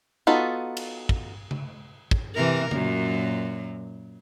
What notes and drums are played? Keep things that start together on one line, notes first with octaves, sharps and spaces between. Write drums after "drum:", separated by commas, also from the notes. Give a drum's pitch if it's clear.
B3 D#4 F4 F#4 A4
drum: cymbal
drum: kick
drum: tom C#3
drum: kick
C3 E3 A#4
F#2 A#2 F#3, drum: tom C#3